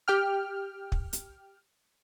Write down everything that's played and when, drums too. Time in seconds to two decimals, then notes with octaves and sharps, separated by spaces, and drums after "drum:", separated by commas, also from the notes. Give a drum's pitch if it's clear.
0.08 G4 G5 F6
0.92 drum: kick
1.13 drum: hi-hat